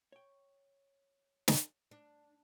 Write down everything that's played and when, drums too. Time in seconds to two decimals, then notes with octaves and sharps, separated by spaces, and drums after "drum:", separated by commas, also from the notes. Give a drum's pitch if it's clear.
0.12 C#5 G5
1.48 drum: snare
1.91 D4